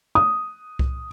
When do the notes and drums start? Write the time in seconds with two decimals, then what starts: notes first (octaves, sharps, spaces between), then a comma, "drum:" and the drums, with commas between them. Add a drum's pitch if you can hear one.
0.15 D#6
0.79 drum: kick C2